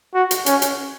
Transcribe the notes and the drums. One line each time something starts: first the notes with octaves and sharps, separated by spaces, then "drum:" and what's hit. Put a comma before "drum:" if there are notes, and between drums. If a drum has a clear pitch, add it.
F#4
drum: hi-hat
C#4, drum: hi-hat
drum: hi-hat